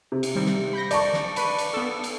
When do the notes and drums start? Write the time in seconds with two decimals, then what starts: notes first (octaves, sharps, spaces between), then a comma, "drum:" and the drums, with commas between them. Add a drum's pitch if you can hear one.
0.12 C3
0.23 drum: cymbal
0.35 D#3 G3 C4
0.46 drum: snare
0.73 B5 G6 A#6
0.91 D5 A5 C#6, drum: cymbal
1.13 drum: snare
1.36 B4 B5 D#7, drum: cymbal
1.58 drum: cymbal
1.73 B3 A4
2.04 drum: cymbal